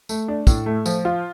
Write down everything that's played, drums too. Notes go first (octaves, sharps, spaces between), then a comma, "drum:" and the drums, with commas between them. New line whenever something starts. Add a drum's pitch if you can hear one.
A3, drum: tambourine
D4
A2, drum: kick, tambourine
A3
F3, drum: tambourine
F4